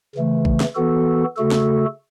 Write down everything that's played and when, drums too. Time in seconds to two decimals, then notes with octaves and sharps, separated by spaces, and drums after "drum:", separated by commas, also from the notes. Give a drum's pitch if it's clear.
0.15 C#3 E3 A3
0.45 drum: kick
0.60 drum: snare
0.75 E3 B3 F#4 A4
1.36 C#3 A3 F#4 A4
1.51 drum: snare